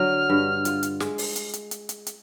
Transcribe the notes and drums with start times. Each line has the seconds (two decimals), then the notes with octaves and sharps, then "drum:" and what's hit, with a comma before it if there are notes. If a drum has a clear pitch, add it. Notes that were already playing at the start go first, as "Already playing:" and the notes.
Already playing: D3 F#3 F6
0.29 G2
0.65 F4, drum: hi-hat
0.83 drum: hi-hat
1.00 G#3, drum: snare
1.18 drum: open hi-hat
1.36 drum: hi-hat
1.53 drum: hi-hat
1.71 drum: hi-hat
1.89 drum: hi-hat
2.07 drum: hi-hat